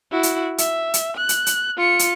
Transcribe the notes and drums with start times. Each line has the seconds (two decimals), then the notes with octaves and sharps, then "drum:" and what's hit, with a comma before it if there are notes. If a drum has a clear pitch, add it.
0.12 E4 F#4
0.23 drum: hi-hat
0.58 E5, drum: hi-hat
0.94 drum: hi-hat
1.17 F#6
1.29 drum: hi-hat
1.46 drum: hi-hat
1.77 F4 C#7
1.99 drum: hi-hat